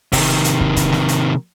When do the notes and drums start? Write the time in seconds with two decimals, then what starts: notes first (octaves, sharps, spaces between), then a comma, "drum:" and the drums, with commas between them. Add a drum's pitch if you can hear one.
0.12 C3 D#3, drum: kick, open hi-hat
0.44 drum: hi-hat
0.60 drum: kick
0.76 drum: kick, hi-hat
0.92 drum: snare
1.08 drum: hi-hat